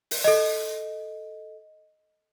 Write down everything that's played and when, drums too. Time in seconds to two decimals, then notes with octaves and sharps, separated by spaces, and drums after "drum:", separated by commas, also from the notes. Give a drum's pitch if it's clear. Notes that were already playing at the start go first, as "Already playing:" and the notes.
0.11 drum: open hi-hat
0.24 A4 D#5